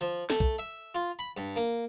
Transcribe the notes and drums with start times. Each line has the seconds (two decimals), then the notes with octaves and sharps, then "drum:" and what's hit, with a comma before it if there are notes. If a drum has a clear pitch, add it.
0.01 F3
0.30 A3, drum: snare
0.40 drum: kick
0.58 E5
0.95 F4
1.19 B5
1.37 G2
1.56 A#3